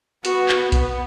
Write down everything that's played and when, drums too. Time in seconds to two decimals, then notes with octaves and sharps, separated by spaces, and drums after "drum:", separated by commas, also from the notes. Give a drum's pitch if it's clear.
0.25 B3 F#4, drum: hi-hat
0.49 drum: clap
0.72 B3, drum: kick B1, hi-hat